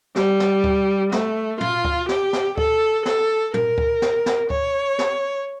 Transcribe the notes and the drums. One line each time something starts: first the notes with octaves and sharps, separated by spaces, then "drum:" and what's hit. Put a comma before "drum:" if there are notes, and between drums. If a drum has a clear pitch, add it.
G3, drum: snare
drum: snare
drum: kick D2
A3, drum: snare
F4, drum: tom
drum: kick D2
G4, drum: snare
drum: snare
A4, drum: kick D2
A4, drum: snare
A#4, drum: tom
drum: kick D2
drum: snare
drum: snare
C#5, drum: kick D2
drum: snare